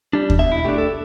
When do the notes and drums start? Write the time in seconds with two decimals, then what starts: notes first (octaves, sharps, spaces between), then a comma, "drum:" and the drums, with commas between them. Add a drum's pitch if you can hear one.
0.13 G3 D4
0.30 drum: kick D#2
0.39 B2 E5
0.52 E4
0.65 A3 D4 G4
0.78 A4